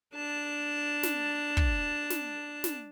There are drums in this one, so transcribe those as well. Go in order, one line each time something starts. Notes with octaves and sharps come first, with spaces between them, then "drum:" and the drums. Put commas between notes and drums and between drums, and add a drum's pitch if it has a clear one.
D4 A5
drum: snare
drum: kick
drum: snare
drum: snare